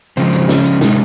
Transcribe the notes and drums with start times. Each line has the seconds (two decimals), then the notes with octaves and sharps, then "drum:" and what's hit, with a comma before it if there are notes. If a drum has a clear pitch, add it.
0.17 C#3 F3 G#3 C4, drum: hi-hat
0.33 drum: hi-hat
0.49 C#4, drum: snare
0.65 drum: hi-hat
0.81 C3 F3 G#3 D#4, drum: snare